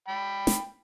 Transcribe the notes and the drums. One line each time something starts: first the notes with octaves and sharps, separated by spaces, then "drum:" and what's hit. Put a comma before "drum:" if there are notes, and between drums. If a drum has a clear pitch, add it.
G5 B5
drum: snare